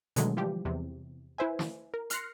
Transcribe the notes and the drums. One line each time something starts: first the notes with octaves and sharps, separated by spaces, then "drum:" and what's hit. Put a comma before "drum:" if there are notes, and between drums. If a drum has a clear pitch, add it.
B2 D3 D#3 F#3 G#3 A3, drum: hi-hat
E3 F3 G3 G4
E2 C3
E4 B4 C5 E5 G#5
drum: snare
A#4
C6 F6 F#6 A#6 C7 C#7, drum: hi-hat